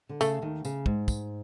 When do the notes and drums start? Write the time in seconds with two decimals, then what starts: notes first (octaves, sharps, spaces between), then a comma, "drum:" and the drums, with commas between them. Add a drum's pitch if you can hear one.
0.09 D3
0.21 C#3 A3, drum: tambourine
0.42 D#2 D#3
0.65 C#3, drum: tambourine
0.86 G#2, drum: kick
1.08 drum: kick, tambourine